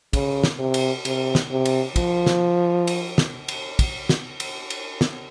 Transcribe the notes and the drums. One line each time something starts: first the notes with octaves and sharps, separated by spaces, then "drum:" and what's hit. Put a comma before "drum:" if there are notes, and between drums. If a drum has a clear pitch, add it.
C#3, drum: kick, cymbal
drum: snare
C3
drum: cymbal
C3, drum: cymbal
drum: snare
C3
drum: cymbal
F3, drum: kick, cymbal
drum: snare
drum: cymbal
drum: snare
drum: cymbal
drum: kick, cymbal
drum: snare
drum: cymbal
drum: cymbal
drum: snare